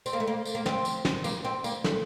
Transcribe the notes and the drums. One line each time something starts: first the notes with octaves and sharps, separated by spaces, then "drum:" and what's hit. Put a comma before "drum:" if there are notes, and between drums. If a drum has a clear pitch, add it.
C4, drum: tambourine
A#3
A3
A#3
drum: tambourine
A#3
C4, drum: snare
drum: tambourine
drum: snare
A#3, drum: tambourine
C4
A#3, drum: tambourine
A3, drum: snare